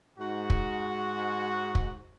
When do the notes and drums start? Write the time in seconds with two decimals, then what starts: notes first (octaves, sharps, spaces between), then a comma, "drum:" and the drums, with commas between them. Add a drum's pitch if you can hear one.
0.18 G#2 F#4
0.50 drum: kick
1.75 drum: kick